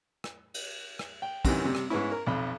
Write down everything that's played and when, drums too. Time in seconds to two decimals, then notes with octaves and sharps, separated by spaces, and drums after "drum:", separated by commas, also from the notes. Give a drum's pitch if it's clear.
0.24 drum: rim click
0.54 drum: cymbal
0.99 drum: rim click
1.22 G5
1.45 F#2 C3 D#3 E3, drum: kick, cymbal
1.65 C3 G3
1.75 drum: rim click
1.90 G#2 B3 C#4 E4
2.12 A#4
2.27 B1 F2 B5